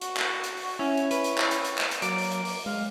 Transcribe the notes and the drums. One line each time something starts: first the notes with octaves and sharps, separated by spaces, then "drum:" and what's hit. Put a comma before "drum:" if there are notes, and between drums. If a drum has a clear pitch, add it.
F#4, drum: hi-hat
drum: clap
drum: hi-hat
drum: open hi-hat
C#4 E4 G#5
drum: hi-hat
B4 C#5, drum: hi-hat
drum: hi-hat
drum: clap
drum: hi-hat
drum: hi-hat
drum: clap
drum: hi-hat
F#3 A#3 D5, drum: hi-hat
drum: open hi-hat
drum: hi-hat
drum: open hi-hat
G#3 F5